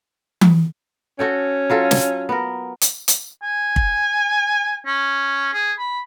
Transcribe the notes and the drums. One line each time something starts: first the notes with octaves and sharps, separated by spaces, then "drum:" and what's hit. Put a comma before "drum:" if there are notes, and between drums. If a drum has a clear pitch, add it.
drum: tom E3
C#4 F#4 A4 G5
F#3 F4 A4
drum: snare
B3 A#4
drum: hi-hat
drum: hi-hat
G#5
drum: kick
C#4
G#4
B5